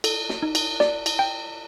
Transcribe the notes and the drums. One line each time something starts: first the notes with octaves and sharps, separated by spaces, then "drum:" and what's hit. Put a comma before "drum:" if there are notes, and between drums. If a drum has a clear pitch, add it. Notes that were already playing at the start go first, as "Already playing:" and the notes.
A4, drum: cymbal
drum: snare
D#4
drum: cymbal
D5, drum: snare
drum: cymbal
G5